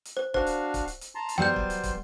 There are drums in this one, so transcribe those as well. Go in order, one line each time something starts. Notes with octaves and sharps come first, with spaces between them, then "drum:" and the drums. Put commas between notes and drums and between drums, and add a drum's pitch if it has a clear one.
drum: hi-hat
C5
D4 F#4 C5 F5, drum: kick
drum: hi-hat
drum: kick, hi-hat
drum: hi-hat
drum: hi-hat
A5 A#5 C6
drum: hi-hat
F#3 G3 B3 C5 G5 C6 G6
drum: kick
drum: hi-hat
drum: kick, hi-hat